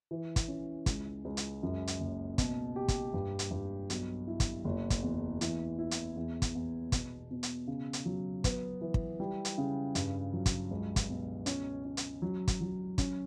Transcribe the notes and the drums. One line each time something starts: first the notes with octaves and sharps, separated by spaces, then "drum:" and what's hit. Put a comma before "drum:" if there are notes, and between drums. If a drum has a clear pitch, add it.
E3
drum: kick, hi-hat
C#4
C#2, drum: kick, hi-hat
C#2
drum: hi-hat
F#2
drum: hi-hat
F#1
B2, drum: kick, hi-hat
G4
drum: kick, hi-hat
G2
drum: hi-hat
G2
B1, drum: hi-hat
E4
drum: kick, hi-hat
F#1
drum: kick, hi-hat
E2
E3, drum: hi-hat
E4
drum: hi-hat
E2
drum: kick, hi-hat
E2
B2, drum: kick, hi-hat
B2
drum: hi-hat
C#3
drum: hi-hat
F#3
B3, drum: kick, hi-hat
E3
drum: kick
G3
drum: hi-hat
C#3
G2, drum: hi-hat
F#3
drum: kick, hi-hat
C#2
drum: kick, hi-hat
B2
C#4, drum: hi-hat
C#4
drum: hi-hat
F#3
drum: kick, hi-hat
F#3
C#4, drum: kick, hi-hat